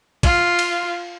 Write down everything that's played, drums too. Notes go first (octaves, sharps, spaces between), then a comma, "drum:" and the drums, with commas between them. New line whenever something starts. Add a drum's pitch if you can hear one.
F4, drum: kick, cymbal
drum: cymbal